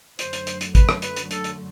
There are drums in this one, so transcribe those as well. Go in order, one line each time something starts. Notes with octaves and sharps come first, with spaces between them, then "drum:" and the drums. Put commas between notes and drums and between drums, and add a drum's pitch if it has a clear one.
F#2 D3 F#3 A3 C5, drum: hi-hat
drum: hi-hat
drum: hi-hat
drum: hi-hat
B4, drum: kick, hi-hat
drum: rim click
B4, drum: hi-hat
drum: hi-hat
A4, drum: hi-hat
drum: hi-hat